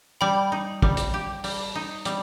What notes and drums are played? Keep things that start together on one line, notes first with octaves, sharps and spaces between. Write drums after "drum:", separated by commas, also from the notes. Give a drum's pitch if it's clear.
G3 G5 B5
D#4
G3, drum: kick
drum: hi-hat
G4
G3, drum: open hi-hat
D#4
G3, drum: hi-hat